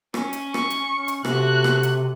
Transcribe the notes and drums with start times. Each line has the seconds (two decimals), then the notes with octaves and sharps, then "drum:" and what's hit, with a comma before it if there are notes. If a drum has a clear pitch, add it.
0.14 C#4, drum: rim click
0.33 drum: hi-hat
0.54 C#6, drum: rim click
0.70 drum: hi-hat
0.93 C#4
1.08 drum: hi-hat
1.25 C3 A3 F#4 F#6, drum: rim click
1.64 drum: rim click
1.83 drum: hi-hat